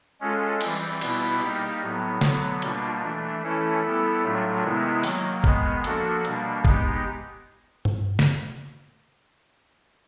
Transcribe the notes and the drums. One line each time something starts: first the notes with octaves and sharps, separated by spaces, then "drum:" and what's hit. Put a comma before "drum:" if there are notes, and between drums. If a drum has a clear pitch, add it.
G#3 C#4 F4 A4
E3 G3 C4, drum: cymbal
B2 G3 B3 E4, drum: cymbal
G3 A#3 D#4 G4
A2 F#3 B3
D3 F#3 B3, drum: snare
B2 G3 A#3 D4 F4, drum: hi-hat
E3 A3 D4
E3 A3 C#4 E4 A4
G3 B3 E4 A4
A2 F#3 A3 D4 F4
C3 D#3 G#3 B3 E4
D#3 F#3 A#3, drum: open hi-hat
D#3 G#3 B3, drum: kick
F3 A#3 D4 F#4 A4, drum: hi-hat
B2 G3 A#3 D4, drum: hi-hat
G#3 B3 D#4 G4, drum: kick
drum: tom G2
drum: snare